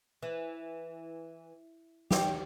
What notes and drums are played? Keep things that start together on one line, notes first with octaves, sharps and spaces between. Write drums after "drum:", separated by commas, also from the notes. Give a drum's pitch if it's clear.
E3
G4, drum: snare